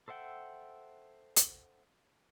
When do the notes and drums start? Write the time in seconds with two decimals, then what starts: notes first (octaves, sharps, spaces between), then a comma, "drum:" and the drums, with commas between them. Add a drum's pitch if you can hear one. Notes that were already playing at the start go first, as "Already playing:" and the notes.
0.08 A4 C5 E5 F#5 G5
1.36 drum: hi-hat